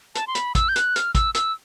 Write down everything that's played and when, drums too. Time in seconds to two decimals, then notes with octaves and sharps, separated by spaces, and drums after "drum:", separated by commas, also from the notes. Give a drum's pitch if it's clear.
0.15 A5, drum: hi-hat
0.27 C6
0.35 B5, drum: hi-hat
0.55 E6, drum: kick, hi-hat
0.69 G6
0.76 F#6, drum: hi-hat
0.96 F6, drum: hi-hat
1.15 E6, drum: kick, hi-hat
1.34 E6, drum: hi-hat